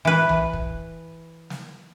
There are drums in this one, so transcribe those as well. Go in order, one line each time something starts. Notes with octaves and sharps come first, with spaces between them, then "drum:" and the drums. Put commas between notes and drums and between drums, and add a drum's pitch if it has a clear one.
E3 B4
drum: tom B1
drum: kick
drum: snare